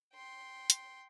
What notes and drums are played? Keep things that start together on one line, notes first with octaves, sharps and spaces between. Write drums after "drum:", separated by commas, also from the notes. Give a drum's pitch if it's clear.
G5 C6
drum: hi-hat